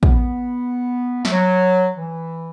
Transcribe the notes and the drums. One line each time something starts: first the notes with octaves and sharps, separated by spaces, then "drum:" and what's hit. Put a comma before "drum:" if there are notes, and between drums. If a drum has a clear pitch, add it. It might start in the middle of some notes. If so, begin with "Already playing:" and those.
B3, drum: kick
A3, drum: snare
F#3
E3